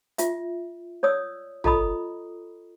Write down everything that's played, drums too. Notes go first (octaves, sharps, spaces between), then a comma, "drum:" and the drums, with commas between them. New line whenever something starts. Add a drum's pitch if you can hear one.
F4 E5, drum: hi-hat
C#5 D5 D#6 E6
F4 A4 D#5 A#5 B5 D#6, drum: tom